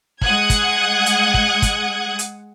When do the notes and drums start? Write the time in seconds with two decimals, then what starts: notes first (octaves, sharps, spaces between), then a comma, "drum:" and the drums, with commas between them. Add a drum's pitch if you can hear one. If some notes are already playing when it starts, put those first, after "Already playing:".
0.22 G#3 F#5 D#6 F#6 G#6, drum: kick
0.50 drum: kick, hi-hat
1.06 drum: hi-hat
1.34 drum: kick
1.62 drum: kick, hi-hat
2.19 drum: hi-hat